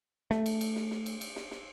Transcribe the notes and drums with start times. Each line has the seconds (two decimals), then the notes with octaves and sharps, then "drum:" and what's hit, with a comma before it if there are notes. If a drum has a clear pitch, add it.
0.31 A3, drum: snare
0.46 drum: cymbal
0.61 drum: cymbal
0.76 drum: snare
0.91 drum: snare
1.06 drum: cymbal
1.21 drum: cymbal
1.36 drum: snare
1.51 drum: snare